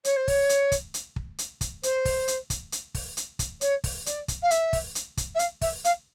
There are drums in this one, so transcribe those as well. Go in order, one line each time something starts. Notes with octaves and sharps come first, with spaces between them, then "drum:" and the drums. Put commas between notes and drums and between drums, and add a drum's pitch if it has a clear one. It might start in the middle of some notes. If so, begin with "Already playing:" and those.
C#5, drum: hi-hat
C5
C#5, drum: kick, open hi-hat
drum: hi-hat
drum: kick, hi-hat
drum: hi-hat
drum: kick
drum: hi-hat
drum: kick, hi-hat
C5, drum: hi-hat
drum: kick, open hi-hat
drum: hi-hat
drum: kick, hi-hat
drum: hi-hat
drum: kick, open hi-hat
drum: hi-hat
drum: kick, hi-hat
C#5, drum: hi-hat
drum: kick, open hi-hat
D5, drum: hi-hat
drum: kick, hi-hat
F5
E5, drum: hi-hat
drum: kick, open hi-hat
drum: hi-hat
drum: kick, hi-hat
E5
F5, drum: hi-hat
E5, drum: kick, open hi-hat
F5, drum: hi-hat